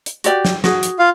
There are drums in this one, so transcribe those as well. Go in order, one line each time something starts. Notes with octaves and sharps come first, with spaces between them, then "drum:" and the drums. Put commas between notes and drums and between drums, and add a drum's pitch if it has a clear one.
drum: hi-hat
F#4 G4 D5, drum: hi-hat
drum: snare
F#4 G#4, drum: snare
drum: hi-hat
F4 F5